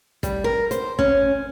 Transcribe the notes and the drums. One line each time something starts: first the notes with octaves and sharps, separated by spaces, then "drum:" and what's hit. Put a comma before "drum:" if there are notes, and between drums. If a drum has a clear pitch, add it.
G3, drum: kick, hi-hat
A#4
C5, drum: hi-hat
C#4, drum: kick